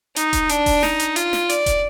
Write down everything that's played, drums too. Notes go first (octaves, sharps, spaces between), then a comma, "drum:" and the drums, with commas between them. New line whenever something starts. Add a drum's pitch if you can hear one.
D#4, drum: hi-hat
drum: kick E1, hi-hat
D4, drum: hi-hat
drum: kick E1, open hi-hat
D#4, drum: snare
drum: hi-hat
F4, drum: hi-hat
drum: snare
D5, drum: hi-hat
drum: kick E1, hi-hat